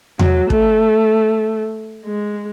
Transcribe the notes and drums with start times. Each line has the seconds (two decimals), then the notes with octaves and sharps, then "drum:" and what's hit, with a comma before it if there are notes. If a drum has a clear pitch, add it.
0.19 F#3, drum: tom E2
0.50 A3, drum: kick
2.04 G#3